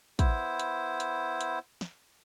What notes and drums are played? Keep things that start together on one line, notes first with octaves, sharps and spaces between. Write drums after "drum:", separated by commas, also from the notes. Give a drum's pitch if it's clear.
B3 E4 C5, drum: kick, hi-hat
drum: hi-hat
drum: hi-hat
drum: hi-hat
drum: snare